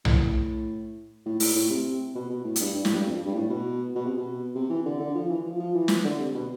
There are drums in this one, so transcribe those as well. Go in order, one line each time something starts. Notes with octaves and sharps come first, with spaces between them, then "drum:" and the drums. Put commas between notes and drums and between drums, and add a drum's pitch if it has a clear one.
A2, drum: tom B1
A2
A2, drum: open hi-hat
A2
C3
B2
B2
A2
A2, drum: hi-hat
G2
G2
A2, drum: snare
G2
F2
G2
A2
B2
B2
C3
B2
C3
E3
D3
D3
F3
E3
F3
F3
E3
drum: snare
D3
C3
B2